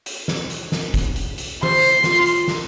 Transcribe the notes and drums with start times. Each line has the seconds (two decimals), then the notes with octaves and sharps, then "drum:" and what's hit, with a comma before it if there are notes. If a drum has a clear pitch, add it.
0.06 drum: hi-hat
0.28 drum: snare
0.50 drum: hi-hat
0.72 drum: snare
0.94 drum: kick, hi-hat
1.16 drum: hi-hat
1.38 drum: hi-hat
1.63 C5 C6, drum: tom D#3
1.82 drum: hi-hat
2.04 F4, drum: snare
2.26 drum: hi-hat
2.48 drum: snare